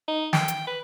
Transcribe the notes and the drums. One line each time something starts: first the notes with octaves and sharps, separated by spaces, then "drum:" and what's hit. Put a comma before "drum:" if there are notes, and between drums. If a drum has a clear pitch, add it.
D#4
G5, drum: snare
drum: hi-hat
B4